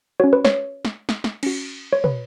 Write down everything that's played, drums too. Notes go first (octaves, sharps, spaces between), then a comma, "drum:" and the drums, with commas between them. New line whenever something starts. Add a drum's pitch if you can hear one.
C#4 F#4 C#5
B4
C#5, drum: snare
drum: snare
drum: snare
drum: snare
C#4 F#4, drum: cymbal
C#5
B4, drum: tom